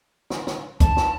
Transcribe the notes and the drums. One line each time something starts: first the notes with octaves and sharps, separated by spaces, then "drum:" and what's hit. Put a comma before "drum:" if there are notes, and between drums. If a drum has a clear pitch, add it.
drum: snare
drum: snare
A5, drum: kick, hi-hat
drum: snare